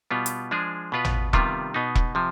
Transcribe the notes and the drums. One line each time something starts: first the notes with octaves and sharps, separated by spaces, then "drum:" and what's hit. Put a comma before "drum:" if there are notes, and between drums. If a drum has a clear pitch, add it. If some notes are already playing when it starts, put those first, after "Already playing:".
B2 G3 B3 F4
drum: hi-hat
F3 G#3 D4 G#4
B2 B3 F4 B4
drum: tom
C3 D#3 G3 B3 F4, drum: kick E1
B2 B3 D#4
drum: kick E1
C3 F3